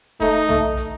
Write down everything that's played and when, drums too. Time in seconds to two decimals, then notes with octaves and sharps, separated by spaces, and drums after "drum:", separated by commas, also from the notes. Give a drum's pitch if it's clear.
0.20 A3 D#4, drum: kick E1, hi-hat
0.49 A3, drum: tom B1
0.77 drum: hi-hat